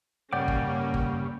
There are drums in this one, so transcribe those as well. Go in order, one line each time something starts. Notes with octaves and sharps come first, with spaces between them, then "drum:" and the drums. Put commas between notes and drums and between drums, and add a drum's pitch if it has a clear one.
G2 C#3 A#3 C#4 D5 F#5 G5 D6
drum: kick
drum: kick